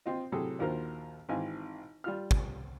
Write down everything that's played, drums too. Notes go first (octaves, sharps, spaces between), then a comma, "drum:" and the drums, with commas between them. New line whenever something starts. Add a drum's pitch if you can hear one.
C4 F4 D#5
A2 C3 F#3 G#4 A4
A#1 D#2 F4 F#4 A#4 C5
G#1 E3 C4 F5 G#5
G3 F4 F6
drum: kick